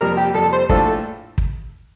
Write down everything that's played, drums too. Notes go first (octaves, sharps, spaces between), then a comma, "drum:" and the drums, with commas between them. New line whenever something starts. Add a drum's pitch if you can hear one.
F2 C3 G3 A#3 A#4
G4
F2 C3 G3 A#3 A4
C5
A#1 A2 A3 D4 F4 A4, drum: kick
drum: kick